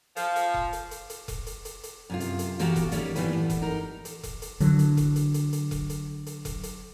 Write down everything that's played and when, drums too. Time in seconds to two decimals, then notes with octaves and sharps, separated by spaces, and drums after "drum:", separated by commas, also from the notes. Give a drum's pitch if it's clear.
0.16 F3, drum: hi-hat
0.36 drum: hi-hat
0.54 drum: kick E1
0.73 drum: hi-hat
0.91 drum: hi-hat
1.10 drum: hi-hat
1.28 drum: kick E1, hi-hat
1.47 drum: hi-hat
1.65 drum: hi-hat
1.83 drum: hi-hat
2.10 F#2 C3 F4
2.20 drum: hi-hat
2.39 drum: hi-hat
2.59 B2 E3 F#4 G4 A#4 F5, drum: hi-hat
2.76 drum: kick E1, hi-hat
2.92 D#3 G3 A#3 C#4, drum: hi-hat
3.16 D#3 E3 G3 B3 B4, drum: hi-hat
3.33 A2
3.50 drum: kick E1, hi-hat
3.62 D#4 A#4
4.05 drum: hi-hat
4.23 drum: kick E1, hi-hat
4.42 drum: hi-hat
4.60 D3 F#3, drum: hi-hat
4.79 drum: hi-hat
4.97 drum: kick E1, hi-hat
5.16 drum: hi-hat
5.34 drum: hi-hat
5.53 drum: hi-hat
5.71 drum: kick E1, hi-hat
5.90 drum: hi-hat
6.26 drum: hi-hat
6.45 drum: kick E1, hi-hat
6.63 drum: hi-hat